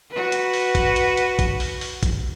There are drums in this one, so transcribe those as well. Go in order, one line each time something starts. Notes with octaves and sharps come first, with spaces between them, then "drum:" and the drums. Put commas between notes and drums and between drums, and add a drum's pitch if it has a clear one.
F#4 B4
drum: hi-hat
drum: open hi-hat
drum: kick A1, hi-hat
drum: hi-hat
drum: hi-hat
drum: kick A1, hi-hat
drum: open hi-hat
drum: open hi-hat
drum: kick A1, hi-hat